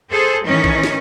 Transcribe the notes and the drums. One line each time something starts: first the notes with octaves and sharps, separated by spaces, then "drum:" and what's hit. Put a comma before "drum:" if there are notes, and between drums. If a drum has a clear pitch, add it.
G#4 A4 C5
A2 D#3 E3 C#4 D#4
drum: kick
drum: snare